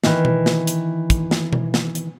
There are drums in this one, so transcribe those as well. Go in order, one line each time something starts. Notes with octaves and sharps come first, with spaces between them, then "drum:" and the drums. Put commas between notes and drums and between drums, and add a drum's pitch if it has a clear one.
D#3 E3, drum: snare
drum: tom B2
drum: snare
drum: hi-hat
drum: kick, hi-hat
drum: snare
drum: tom B2
drum: snare
drum: hi-hat